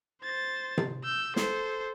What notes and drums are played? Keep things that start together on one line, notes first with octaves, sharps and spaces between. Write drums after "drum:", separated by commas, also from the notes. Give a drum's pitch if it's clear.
C5 A6
drum: tom C3
E6 G6
A4 C5, drum: snare